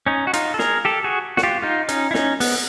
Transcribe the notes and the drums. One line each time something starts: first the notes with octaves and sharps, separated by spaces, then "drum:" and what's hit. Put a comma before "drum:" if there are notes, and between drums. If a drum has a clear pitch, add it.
C#4 D#4
F#4
D#4 F4, drum: hi-hat
A4
G#4 A#4, drum: snare
G4 A4
F#4 G#4
F#4, drum: snare
F4 G4
D#4 F4
C#4 D#4, drum: hi-hat
E4
C#4 D#4, drum: snare
B3, drum: open hi-hat